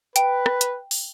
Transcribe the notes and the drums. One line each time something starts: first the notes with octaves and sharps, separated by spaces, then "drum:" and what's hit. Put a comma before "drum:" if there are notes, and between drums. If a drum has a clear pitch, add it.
B4 G5, drum: hi-hat
drum: rim click
drum: hi-hat
drum: open hi-hat